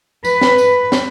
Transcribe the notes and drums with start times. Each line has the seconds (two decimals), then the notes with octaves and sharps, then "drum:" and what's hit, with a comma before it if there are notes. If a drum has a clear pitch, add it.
0.25 B4, drum: tambourine
0.41 drum: snare
0.58 drum: tambourine
0.92 drum: snare